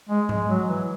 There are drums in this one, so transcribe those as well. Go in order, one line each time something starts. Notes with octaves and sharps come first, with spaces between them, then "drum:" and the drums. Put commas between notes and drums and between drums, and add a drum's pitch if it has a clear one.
G#3
G#3, drum: tom G#2
F#3
E3